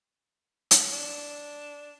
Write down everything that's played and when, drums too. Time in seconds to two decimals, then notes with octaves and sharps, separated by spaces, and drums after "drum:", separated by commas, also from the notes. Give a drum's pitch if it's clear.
0.71 drum: hi-hat
0.92 D4